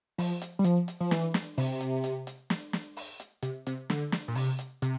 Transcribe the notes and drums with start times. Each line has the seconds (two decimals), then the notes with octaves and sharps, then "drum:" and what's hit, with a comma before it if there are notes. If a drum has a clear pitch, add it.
0.18 F3, drum: open hi-hat
0.42 drum: hi-hat
0.59 G3
0.64 F3, drum: hi-hat
0.88 drum: hi-hat
1.00 F3
1.11 E3, drum: snare
1.34 drum: snare
1.58 C3, drum: open hi-hat
1.81 drum: hi-hat
2.04 drum: hi-hat
2.27 drum: hi-hat
2.50 drum: snare
2.73 drum: snare
2.96 drum: open hi-hat
3.20 drum: hi-hat
3.42 C3, drum: hi-hat
3.67 C3, drum: hi-hat
3.90 D3, drum: snare
4.12 drum: snare
4.28 A#2
4.35 C3, drum: open hi-hat
4.59 drum: hi-hat
4.82 C3, drum: hi-hat